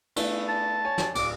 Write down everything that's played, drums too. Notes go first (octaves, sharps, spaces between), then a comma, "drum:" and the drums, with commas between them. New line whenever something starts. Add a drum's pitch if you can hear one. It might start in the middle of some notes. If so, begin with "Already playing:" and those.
A3 B3 E4, drum: cymbal
A5
C#5 G#5
drum: snare
D1 D6, drum: cymbal